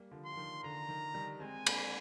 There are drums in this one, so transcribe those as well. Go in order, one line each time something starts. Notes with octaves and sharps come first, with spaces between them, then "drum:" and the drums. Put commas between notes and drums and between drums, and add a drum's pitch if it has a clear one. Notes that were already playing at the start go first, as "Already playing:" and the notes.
Already playing: G3 A#3
D3 F3
C6
F3
D#3
D3 A#5
D#3
D#3 G3
G#3 C4 G#5
A#3 D4, drum: cymbal